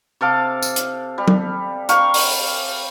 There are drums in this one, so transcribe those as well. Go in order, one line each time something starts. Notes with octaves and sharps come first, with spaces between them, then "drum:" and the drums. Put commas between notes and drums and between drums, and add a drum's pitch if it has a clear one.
C3 A4 F5 D6
drum: tambourine
drum: hi-hat
G3
drum: tom F#3
F5 G5 A#5 C#6, drum: hi-hat
drum: open hi-hat